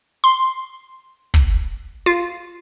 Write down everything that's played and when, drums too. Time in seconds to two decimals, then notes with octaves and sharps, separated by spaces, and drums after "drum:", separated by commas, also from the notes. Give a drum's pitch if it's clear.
0.24 C6
1.34 drum: kick
2.06 F4